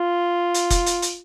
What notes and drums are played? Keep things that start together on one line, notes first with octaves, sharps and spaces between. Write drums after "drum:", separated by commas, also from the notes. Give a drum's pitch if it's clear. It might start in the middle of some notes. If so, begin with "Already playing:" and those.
Already playing: F4
drum: hi-hat
drum: kick F1, hi-hat
drum: hi-hat
drum: hi-hat